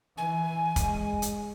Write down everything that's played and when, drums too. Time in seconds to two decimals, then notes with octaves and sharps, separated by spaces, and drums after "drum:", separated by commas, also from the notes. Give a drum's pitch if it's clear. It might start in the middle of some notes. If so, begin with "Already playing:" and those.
0.17 E3 G#5
0.76 G#3, drum: kick, hi-hat
1.22 drum: hi-hat